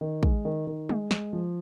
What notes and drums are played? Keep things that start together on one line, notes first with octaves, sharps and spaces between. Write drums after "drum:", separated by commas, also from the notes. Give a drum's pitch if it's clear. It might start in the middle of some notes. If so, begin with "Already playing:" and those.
D#3
G#3, drum: kick
D#3
D#3
G#3, drum: tom
G#3, drum: snare
F3